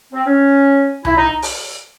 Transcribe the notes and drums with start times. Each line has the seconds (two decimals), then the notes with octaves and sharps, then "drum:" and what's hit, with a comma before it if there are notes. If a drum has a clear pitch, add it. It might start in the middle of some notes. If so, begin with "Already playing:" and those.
0.12 C4
0.26 C#4
1.05 E4, drum: tom C2
1.16 D#4
1.42 drum: open hi-hat